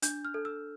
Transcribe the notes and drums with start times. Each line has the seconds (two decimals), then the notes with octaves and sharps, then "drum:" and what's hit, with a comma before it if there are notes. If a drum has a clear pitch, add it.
0.02 D4 G6, drum: hi-hat
0.25 F6
0.34 A4
0.45 E6